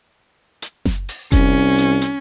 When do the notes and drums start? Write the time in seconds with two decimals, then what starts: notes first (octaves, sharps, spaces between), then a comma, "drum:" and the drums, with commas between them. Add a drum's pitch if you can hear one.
0.62 drum: hi-hat
0.85 drum: snare F#1
1.09 drum: open hi-hat
1.32 C2 C#4, drum: kick F1, hi-hat
1.78 drum: hi-hat
2.02 drum: hi-hat